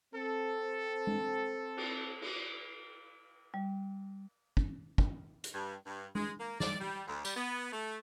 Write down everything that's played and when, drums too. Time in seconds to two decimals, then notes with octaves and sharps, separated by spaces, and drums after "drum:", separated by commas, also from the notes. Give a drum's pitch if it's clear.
0.14 C4 A4
1.07 drum: tom G#3
1.77 drum: cymbal
2.21 drum: cymbal
3.54 G3
4.57 drum: kick
4.98 drum: kick
5.44 drum: hi-hat
5.54 G2
5.86 G2
6.15 G#3, drum: tom G#3
6.40 A#3
6.60 D5, drum: snare
6.80 G3
7.07 D2
7.25 G3, drum: tambourine
7.37 B3
7.72 A3